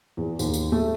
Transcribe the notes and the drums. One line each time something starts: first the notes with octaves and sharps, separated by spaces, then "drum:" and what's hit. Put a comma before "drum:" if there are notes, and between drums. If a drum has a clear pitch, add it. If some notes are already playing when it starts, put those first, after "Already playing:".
E2
D#2, drum: tambourine
drum: tambourine
A3